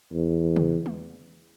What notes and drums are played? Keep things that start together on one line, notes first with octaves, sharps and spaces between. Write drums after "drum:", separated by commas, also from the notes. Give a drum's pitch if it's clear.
E2
drum: tom
drum: tom G3